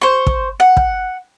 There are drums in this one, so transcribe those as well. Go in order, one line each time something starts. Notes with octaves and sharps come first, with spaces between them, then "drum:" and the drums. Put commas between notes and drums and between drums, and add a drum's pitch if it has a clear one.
C5 C#6
drum: kick
F#5
drum: kick